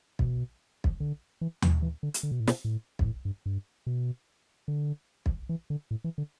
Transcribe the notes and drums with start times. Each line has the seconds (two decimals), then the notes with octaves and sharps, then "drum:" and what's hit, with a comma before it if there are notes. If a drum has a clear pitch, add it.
0.19 B2, drum: kick
0.84 drum: kick
1.00 D3
1.41 E3
1.62 E3, drum: tom D#2
1.82 E3
2.03 D3
2.14 drum: hi-hat
2.23 D3
2.32 B2
2.40 A2
2.47 B2, drum: snare
2.65 A2
2.99 G2, drum: kick
3.05 A2
3.25 G2
3.46 G2
3.87 B2
4.68 D3
5.26 drum: kick
5.49 E3
5.70 D3
5.91 A2
6.04 E3
6.18 D3